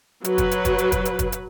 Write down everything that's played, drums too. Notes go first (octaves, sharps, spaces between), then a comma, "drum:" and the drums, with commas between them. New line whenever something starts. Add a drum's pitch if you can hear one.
F#3 B4, drum: hi-hat
drum: kick, hi-hat
drum: hi-hat
drum: kick, hi-hat
drum: hi-hat
drum: kick, hi-hat
drum: hi-hat
drum: kick, hi-hat
drum: hi-hat